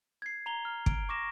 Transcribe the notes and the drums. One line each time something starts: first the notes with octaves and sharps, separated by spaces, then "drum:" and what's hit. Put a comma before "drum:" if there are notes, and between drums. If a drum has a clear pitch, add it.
G#6 C7
A#5 F7 G7
F6
D7, drum: kick
C#6 D6 A#6 E7